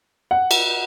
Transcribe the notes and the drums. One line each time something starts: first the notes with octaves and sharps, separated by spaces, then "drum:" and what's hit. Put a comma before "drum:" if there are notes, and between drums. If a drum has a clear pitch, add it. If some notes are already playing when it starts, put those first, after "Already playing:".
F#5
drum: cymbal